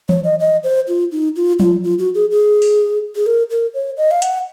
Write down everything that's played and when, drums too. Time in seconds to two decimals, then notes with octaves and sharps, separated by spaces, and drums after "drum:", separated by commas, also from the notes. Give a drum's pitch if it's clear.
0.09 C#5, drum: tom E3
0.24 D#5
0.40 D#5
0.64 C5
0.88 F4
1.12 D#4
1.36 F4
1.60 F4, drum: tom F3
1.83 F4
1.99 F#4
2.15 G#4
2.31 G#4
2.62 drum: open hi-hat
3.16 G#4
3.26 A#4
3.50 A#4
3.74 C#5
3.97 D#5
4.11 F5
4.22 F#5, drum: hi-hat